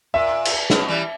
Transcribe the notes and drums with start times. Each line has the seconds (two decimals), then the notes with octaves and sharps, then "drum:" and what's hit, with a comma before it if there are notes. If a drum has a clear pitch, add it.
0.14 A#2 E5
0.45 drum: cymbal
0.70 B2, drum: snare
0.88 E3 G3